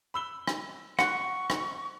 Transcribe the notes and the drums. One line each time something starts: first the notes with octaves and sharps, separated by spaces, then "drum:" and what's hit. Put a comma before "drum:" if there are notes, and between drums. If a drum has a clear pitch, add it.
B5 E6 G7
drum: rim click
F#5 C6 C#6 F#6, drum: rim click
drum: rim click